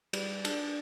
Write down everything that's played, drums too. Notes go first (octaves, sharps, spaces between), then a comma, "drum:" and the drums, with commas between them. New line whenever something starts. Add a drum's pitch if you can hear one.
G3, drum: cymbal
D4, drum: cymbal